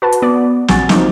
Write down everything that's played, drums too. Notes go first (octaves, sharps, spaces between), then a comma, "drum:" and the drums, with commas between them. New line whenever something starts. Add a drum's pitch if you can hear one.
F#4 B4 A5
drum: hi-hat
B3 D5
A#1 F#4 G#5 A6, drum: snare
F3 F#3 A#3 D#4, drum: snare